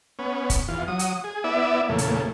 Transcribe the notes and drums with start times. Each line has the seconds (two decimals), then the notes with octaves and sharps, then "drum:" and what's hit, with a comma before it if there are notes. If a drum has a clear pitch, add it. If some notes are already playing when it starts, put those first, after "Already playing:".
0.19 B3 C#4
0.50 drum: kick, hi-hat
0.68 E2 F4
0.88 F#3 D#6
0.99 drum: hi-hat
1.24 G#4
1.44 B3 E4 D5 E5
1.89 E2 A#2 C#3 A3
1.98 drum: hi-hat